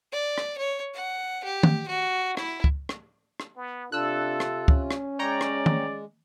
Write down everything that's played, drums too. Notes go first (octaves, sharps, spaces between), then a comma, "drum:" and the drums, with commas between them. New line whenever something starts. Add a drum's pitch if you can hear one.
D5
drum: rim click
C#5
F#5
G4
drum: tom D#3
F#4
E4, drum: rim click
drum: kick
drum: rim click
drum: rim click
B3
C3 D4 F4 A4 E6 F#6
drum: rim click
C#4, drum: kick
drum: rim click
G#3 C#5 D5 G5 A#5
drum: rim click
drum: tom D#3